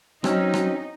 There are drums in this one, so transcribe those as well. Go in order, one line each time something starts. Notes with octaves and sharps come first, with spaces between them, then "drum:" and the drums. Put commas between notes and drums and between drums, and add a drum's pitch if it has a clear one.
F#3 C4 C#4 D#4, drum: rim click
drum: rim click